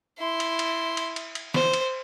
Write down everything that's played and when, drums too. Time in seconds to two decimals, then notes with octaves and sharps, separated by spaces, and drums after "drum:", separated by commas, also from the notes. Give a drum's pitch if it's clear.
0.18 E4 C6
0.40 drum: cymbal
0.59 drum: cymbal
0.97 drum: cymbal
1.16 drum: cymbal
1.35 drum: cymbal
1.54 C5, drum: snare
1.73 drum: cymbal